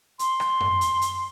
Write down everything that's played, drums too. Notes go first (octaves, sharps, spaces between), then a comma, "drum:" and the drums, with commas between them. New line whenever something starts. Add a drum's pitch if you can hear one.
C6, drum: hi-hat
drum: rim click
drum: tom F#2
drum: hi-hat
drum: hi-hat